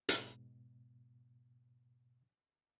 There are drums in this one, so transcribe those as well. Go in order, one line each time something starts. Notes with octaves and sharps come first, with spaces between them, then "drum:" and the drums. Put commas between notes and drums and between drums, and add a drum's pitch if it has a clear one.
G#2 B2, drum: hi-hat